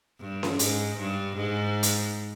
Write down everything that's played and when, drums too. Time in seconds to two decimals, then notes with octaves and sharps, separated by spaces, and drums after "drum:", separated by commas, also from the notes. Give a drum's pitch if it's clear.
0.20 G2
0.43 drum: snare C#4
0.59 G#2, drum: hi-hat
0.98 G2
1.36 G#2
1.83 drum: hi-hat